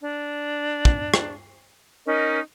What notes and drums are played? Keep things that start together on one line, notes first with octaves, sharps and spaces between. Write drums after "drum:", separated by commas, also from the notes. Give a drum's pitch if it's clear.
D4
drum: kick
drum: rim click
C#4 D#4 A#4 D#5